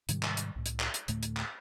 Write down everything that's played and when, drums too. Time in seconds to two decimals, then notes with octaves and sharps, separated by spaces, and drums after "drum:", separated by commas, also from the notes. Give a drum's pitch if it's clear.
0.09 G#2 C3 D#3 G3, drum: hi-hat
0.23 drum: clap
0.37 drum: hi-hat
0.56 C2 A2
0.66 drum: hi-hat
0.80 drum: clap
0.94 drum: hi-hat
1.08 D2 A2 A3, drum: hi-hat
1.23 drum: hi-hat
1.37 drum: clap